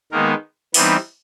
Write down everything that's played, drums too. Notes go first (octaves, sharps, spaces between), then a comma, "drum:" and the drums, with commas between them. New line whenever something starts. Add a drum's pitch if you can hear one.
D#3 G#3 A#3 B3 D#4 A#4
E3 G3 B3 C4 D#4 B4, drum: open hi-hat